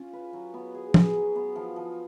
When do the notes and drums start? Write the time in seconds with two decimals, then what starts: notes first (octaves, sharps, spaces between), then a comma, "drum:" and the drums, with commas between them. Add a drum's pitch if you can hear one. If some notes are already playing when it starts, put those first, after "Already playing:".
Already playing: C#4 F4
0.13 B4
0.33 F#3
0.54 B3
0.75 G#4
0.94 G#4, drum: tom
1.15 F#3
1.36 B3
1.56 F3
1.76 F3